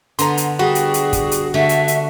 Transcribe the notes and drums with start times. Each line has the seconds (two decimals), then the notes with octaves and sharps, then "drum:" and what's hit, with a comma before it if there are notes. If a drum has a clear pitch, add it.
0.19 D3 B3 A#5 C6, drum: hi-hat
0.37 drum: hi-hat
0.59 G3 F#4 G#4
0.75 drum: hi-hat
0.94 drum: hi-hat
1.13 drum: kick, hi-hat
1.31 drum: hi-hat
1.54 D3 A3 E5
1.69 drum: hi-hat
1.88 drum: hi-hat